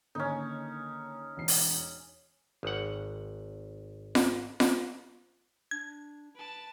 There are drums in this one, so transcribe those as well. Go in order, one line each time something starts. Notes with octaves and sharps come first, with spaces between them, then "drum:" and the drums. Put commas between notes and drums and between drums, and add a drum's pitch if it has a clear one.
D3 D#3 A#3 C#4 D#4
E1 C7
drum: open hi-hat
G#1 F#5
drum: snare F4
drum: snare F4
D4 G#6
B4 A5 D7